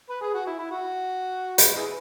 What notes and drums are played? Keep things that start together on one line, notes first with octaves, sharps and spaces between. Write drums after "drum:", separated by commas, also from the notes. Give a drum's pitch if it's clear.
B4
G#4
F#4
E4
E4
F#4
B4, drum: hi-hat
E4 G#4 B4